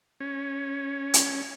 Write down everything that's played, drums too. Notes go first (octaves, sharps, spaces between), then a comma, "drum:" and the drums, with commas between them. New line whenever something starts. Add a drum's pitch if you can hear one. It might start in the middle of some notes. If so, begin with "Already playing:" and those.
C#4
drum: hi-hat